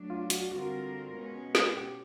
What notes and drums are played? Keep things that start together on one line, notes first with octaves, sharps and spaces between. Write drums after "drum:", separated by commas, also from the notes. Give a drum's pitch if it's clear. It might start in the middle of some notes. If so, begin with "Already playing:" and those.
Already playing: F#3 A3 D4
F4
F#4, drum: hi-hat
D3 G3 C4 F4 F#4 A#4
B2 G#3 C#4
drum: snare
G4